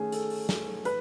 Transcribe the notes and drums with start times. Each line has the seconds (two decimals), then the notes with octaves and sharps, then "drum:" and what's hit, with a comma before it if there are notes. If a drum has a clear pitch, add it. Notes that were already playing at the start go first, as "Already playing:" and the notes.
Already playing: D#3 A3 C#4 G#4
0.12 A4, drum: hi-hat
0.30 drum: open hi-hat
0.49 drum: snare
0.85 B4, drum: hi-hat